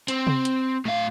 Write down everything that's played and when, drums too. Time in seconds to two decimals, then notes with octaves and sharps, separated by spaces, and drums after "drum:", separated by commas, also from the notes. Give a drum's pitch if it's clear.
0.08 C4, drum: hi-hat
0.27 drum: tom C3
0.45 drum: hi-hat
0.86 A2 F5